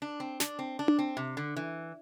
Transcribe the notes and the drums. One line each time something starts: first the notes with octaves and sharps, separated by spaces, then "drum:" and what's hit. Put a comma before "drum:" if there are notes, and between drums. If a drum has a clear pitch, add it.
D4
C4
D4, drum: snare
C4
D4
drum: tom D4
C4
C3
D3
E3